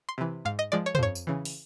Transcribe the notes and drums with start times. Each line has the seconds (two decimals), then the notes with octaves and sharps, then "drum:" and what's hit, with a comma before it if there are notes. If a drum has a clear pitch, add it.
0.09 C6
0.18 C3 E3
0.45 G#2 F5
0.59 D#5
0.72 F3 G#3 D5
0.86 C#5
0.95 C5, drum: tom
0.99 F2 C#5
1.15 drum: tambourine
1.27 C#3 E3
1.45 drum: open hi-hat